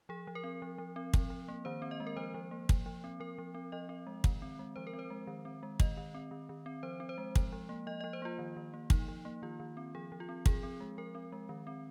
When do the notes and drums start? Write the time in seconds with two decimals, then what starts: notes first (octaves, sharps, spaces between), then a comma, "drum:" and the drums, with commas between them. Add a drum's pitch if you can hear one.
0.09 F3 G#4
0.27 F3
0.35 A#4
0.44 C4
0.62 F3
0.78 F3
0.96 C4
1.14 F3, drum: kick
1.30 F3
1.48 A#3
1.65 D#3 C5
1.82 C4
1.91 D#5
2.00 G#3
2.07 A#4
2.16 F3 C5
2.34 F3
2.51 A#3
2.69 F3, drum: kick
2.86 F3
3.04 C4
3.20 F3 A#4
3.38 F3
3.55 C4
3.72 F3 D#5
3.89 C4
4.07 G#3
4.24 D#3, drum: kick
4.42 C4
4.59 G#3
4.76 F3 C5
4.87 A#4
4.93 C4
4.99 C5
5.10 G#3
5.27 D#3
5.45 C4
5.63 G#3
5.80 D#3 D#5, drum: kick
5.97 D#3
6.15 C4
6.31 D#3
6.49 D#3
6.66 C4
6.83 F3 C5
7.00 C4
7.09 C5
7.18 G#3
7.35 F3, drum: kick
7.53 F3
7.69 A#3
7.87 F3 D#5
8.01 D#5
8.04 F3
8.13 C5
8.22 A#3 F4
8.39 D#3
8.56 D#3
8.74 A#3
8.90 F3 D#4, drum: kick
9.08 F3
9.25 A#3
9.42 D#3 F4
9.60 D#3
9.77 C4
9.95 F3 G#4
10.12 F3
10.20 F4
10.29 C4
10.46 F3 G#4, drum: kick
10.63 C4
10.80 G#3
10.98 F3 A#4
11.15 C4
11.32 G#3
11.49 D#3
11.67 C4